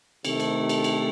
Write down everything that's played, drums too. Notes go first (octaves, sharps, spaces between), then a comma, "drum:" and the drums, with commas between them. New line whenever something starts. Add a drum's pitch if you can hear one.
C3 D#3 A3, drum: cymbal
drum: cymbal
drum: cymbal
drum: cymbal